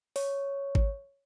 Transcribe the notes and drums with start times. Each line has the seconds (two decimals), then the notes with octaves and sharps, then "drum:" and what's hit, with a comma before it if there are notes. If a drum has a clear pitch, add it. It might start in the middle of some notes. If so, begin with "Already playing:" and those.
0.16 C#5, drum: open hi-hat
0.75 drum: kick G#1